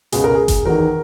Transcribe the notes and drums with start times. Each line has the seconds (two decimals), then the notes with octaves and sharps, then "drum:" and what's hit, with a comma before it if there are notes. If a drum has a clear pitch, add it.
0.12 C#2 B2 G#4, drum: hi-hat
0.24 A#4
0.34 G#4
0.48 drum: kick G1, hi-hat
0.65 E2 D#3 F#4 A#4